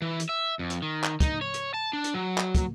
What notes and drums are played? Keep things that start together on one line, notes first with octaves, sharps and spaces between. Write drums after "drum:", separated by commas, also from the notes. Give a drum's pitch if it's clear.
E3
drum: hi-hat
E5
F2
drum: hi-hat
D#3
drum: clap
D#4, drum: kick, hi-hat
C#5
drum: hi-hat
A5
D4
drum: hi-hat
F#3
drum: clap
drum: kick, hi-hat